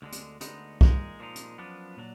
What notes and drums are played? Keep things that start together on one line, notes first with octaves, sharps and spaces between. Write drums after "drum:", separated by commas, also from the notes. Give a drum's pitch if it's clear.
D2 D3 G#3
drum: hi-hat
D2 D3 G#3 B3 D#4, drum: hi-hat
A#2 G#3 D#4 G#4, drum: kick
A#2 F3 G#3 D#4
drum: hi-hat
F#2 F3 B3 D4
A#2 F#3 D4